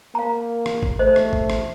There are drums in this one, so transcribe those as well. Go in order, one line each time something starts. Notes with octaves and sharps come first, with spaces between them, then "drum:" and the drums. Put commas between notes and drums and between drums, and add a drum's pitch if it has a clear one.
A#3 F5 A#5
drum: rim click
drum: kick G#1
A3 C5 D#5
drum: rim click
drum: kick G#1
drum: rim click